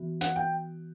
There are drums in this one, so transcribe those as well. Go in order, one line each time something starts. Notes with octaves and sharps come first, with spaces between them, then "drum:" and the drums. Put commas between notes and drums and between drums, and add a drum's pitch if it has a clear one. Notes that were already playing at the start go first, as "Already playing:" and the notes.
Already playing: E3 B3 F#4
F#5, drum: hi-hat
G5